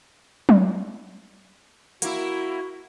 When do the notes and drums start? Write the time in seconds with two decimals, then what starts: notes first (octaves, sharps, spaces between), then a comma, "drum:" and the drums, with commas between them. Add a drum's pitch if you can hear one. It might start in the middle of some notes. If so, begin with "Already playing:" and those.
0.49 drum: tom F#3
2.02 A#3 E4 F#4, drum: hi-hat